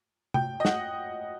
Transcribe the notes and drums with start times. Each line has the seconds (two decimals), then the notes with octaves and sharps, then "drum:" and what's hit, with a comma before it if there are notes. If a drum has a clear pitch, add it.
0.34 G5, drum: tom C3
0.60 D#5
0.65 F#5, drum: snare